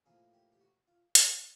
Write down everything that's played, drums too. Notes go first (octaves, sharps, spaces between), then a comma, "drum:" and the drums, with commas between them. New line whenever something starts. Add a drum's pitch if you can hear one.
A2 F3 A#3 G#4
G4
G4
F#4
F4
E4, drum: hi-hat